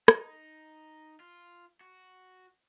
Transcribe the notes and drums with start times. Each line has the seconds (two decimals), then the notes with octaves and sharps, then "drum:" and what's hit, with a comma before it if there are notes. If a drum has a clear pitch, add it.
0.08 D#4, drum: rim click
1.20 F4
1.81 F#4